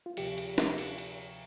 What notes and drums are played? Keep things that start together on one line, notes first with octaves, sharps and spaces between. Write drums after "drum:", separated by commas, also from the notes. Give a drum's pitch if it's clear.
F4
D2 C3 F3 G4, drum: cymbal
drum: cymbal
drum: snare
drum: cymbal
drum: cymbal